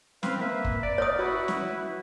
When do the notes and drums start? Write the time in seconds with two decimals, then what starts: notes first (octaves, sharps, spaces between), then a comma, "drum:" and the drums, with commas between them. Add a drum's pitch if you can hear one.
0.23 C4 B4 F5, drum: snare
0.41 A#3 B4 E5
0.64 drum: kick
0.83 D5
0.98 A#4 C#5 D#5 D#6
1.19 E4 F#4 B4
1.48 drum: snare